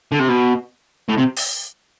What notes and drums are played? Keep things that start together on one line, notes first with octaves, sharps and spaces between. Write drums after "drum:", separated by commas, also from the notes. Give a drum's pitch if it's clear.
D3
C3
B2
A2
C3
drum: open hi-hat